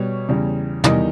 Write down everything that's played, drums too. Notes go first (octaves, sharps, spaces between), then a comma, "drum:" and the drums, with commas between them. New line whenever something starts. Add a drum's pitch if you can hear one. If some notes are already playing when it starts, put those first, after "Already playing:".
Already playing: B2 G3 C#5
E2 C#3 G3
E2 D#3 G3 D#5, drum: tom